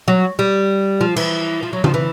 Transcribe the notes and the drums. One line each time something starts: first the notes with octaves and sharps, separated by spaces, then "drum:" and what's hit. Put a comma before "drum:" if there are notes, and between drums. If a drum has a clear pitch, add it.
F#3
G3
F3
E3, drum: cymbal
F3
F#3
F3, drum: tom C#3
E3